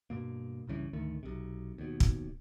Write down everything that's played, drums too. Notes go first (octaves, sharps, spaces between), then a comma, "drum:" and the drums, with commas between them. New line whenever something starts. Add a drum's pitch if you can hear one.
G2 B2 A#3
C2 G2 C#3 E3
G#1 D2 D#3 A3
B1 C3
D#2 B2
drum: kick